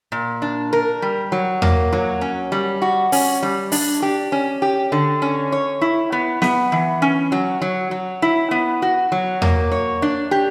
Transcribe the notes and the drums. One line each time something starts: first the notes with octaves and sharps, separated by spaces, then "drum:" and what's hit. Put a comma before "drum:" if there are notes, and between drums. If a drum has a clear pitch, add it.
A#2
D4
A#4
G3
F#3
A#3, drum: tom E2
F#3
C#4
G3
F#4
C#4, drum: open hi-hat
G3
D4, drum: open hi-hat
G4
C#4
G4
D3
C#4
C#5
E4
B3
B3, drum: snare
E3
C#4
F#3
F#3
F#3
E4
B3
F#4
F#3
A#3, drum: tom E2
C#5
D4
G4